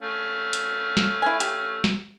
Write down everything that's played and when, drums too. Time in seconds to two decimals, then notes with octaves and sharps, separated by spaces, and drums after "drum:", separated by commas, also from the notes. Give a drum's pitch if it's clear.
0.02 A3 C#4 F5
0.53 drum: hi-hat
0.97 drum: snare
1.22 E4 G#5
1.40 G4, drum: hi-hat
1.84 drum: snare